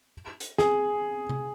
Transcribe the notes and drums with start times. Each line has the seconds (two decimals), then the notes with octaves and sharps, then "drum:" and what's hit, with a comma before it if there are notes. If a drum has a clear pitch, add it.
0.40 drum: hi-hat
0.58 G#4, drum: snare
1.29 drum: tom C3